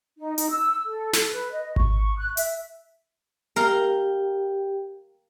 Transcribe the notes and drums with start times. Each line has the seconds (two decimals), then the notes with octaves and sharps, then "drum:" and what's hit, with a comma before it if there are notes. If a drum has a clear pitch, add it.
0.19 D#4
0.38 D#4, drum: hi-hat
0.50 E6
0.87 A4
1.13 A4, drum: snare
1.31 B4
1.53 D#5
1.76 C#6, drum: kick G#1
2.18 F#6
2.37 E5, drum: hi-hat
3.56 G4 A#4 F5 G5 A#5